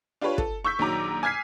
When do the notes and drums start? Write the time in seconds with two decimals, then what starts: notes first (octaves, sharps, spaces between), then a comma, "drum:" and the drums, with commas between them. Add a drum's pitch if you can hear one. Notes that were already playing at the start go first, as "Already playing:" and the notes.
0.21 D4 F4 G4 B4 C#5
0.38 A4, drum: kick
0.65 C#6 E6 G6 B6
0.79 A#1 D#3 F#3 A#5 D6
1.23 G#5 F6 G#6 B6 C7